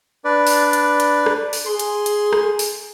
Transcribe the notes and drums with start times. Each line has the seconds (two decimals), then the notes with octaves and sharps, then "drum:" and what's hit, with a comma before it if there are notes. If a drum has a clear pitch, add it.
0.25 D4 B4 D5
0.47 drum: open hi-hat
0.73 drum: hi-hat
1.00 drum: hi-hat
1.26 drum: rim click
1.53 drum: open hi-hat
1.66 G#4 C6
1.79 drum: hi-hat
2.06 drum: hi-hat
2.33 drum: rim click
2.59 drum: open hi-hat